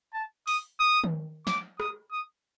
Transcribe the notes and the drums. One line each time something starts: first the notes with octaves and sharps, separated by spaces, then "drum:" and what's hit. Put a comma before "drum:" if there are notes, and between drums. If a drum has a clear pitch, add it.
A5
D#6, drum: open hi-hat
D#6
drum: tom D#3
D6, drum: snare
D#6, drum: rim click
D#6